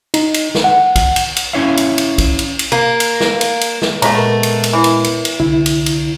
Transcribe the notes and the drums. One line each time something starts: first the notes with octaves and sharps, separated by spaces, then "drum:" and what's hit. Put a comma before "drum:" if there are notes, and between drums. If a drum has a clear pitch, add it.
D#4, drum: cymbal
drum: cymbal
drum: snare
F#5
drum: kick, cymbal
drum: cymbal
drum: cymbal
C#4 E4 C#5 E5 F5
drum: cymbal
drum: cymbal
drum: kick, cymbal
drum: cymbal
drum: cymbal
A#3
drum: cymbal
drum: snare
drum: cymbal
drum: cymbal
drum: snare
A#2 G#3 A3 B3 E5 A#5, drum: cymbal
A#4
drum: cymbal
drum: cymbal
E3
drum: cymbal
drum: cymbal
drum: cymbal
C2 D3 E4
drum: cymbal
drum: cymbal